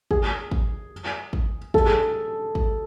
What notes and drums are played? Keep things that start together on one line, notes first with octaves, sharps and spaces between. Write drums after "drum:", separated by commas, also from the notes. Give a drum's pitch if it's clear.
G#4, drum: kick
drum: kick
drum: kick
A4, drum: kick
G#4
drum: kick